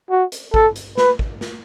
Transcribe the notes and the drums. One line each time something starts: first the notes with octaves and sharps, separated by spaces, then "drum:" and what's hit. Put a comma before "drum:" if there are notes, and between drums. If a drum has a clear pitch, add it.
F#4
drum: hi-hat
A4, drum: kick
drum: hi-hat
B4, drum: snare
drum: kick
drum: snare